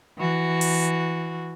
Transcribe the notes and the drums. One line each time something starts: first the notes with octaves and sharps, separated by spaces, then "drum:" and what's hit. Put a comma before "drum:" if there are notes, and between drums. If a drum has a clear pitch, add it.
E3 F#4
drum: open hi-hat